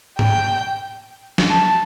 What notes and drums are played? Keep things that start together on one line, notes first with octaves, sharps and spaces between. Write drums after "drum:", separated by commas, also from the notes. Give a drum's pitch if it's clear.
G5, drum: tom G#2
drum: snare
A5